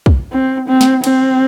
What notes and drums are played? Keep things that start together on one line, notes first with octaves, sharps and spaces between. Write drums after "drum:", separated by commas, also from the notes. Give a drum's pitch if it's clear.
drum: kick
C4
C4
drum: snare
C4, drum: cymbal